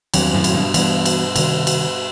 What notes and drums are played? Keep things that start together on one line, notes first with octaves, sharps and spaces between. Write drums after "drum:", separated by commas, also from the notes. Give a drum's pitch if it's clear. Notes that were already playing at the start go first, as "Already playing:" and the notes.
E2 G2 D#3 F#3 C4, drum: cymbal
F#2 A2
drum: cymbal
G2 B2
G2 B2 E3 G3 B3, drum: cymbal
drum: cymbal
C3 D#3 G3, drum: cymbal
drum: cymbal